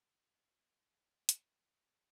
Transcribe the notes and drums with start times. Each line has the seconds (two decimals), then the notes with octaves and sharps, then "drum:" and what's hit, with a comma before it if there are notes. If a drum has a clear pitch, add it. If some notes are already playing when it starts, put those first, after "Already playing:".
0.14 A3 D#4 F#4 D#5 F#5 G#5
1.29 drum: hi-hat